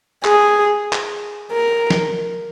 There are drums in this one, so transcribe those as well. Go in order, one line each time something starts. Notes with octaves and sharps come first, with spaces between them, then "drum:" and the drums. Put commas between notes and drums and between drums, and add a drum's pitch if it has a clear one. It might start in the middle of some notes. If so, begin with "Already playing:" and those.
G#4, drum: clap
drum: clap
A#4
drum: snare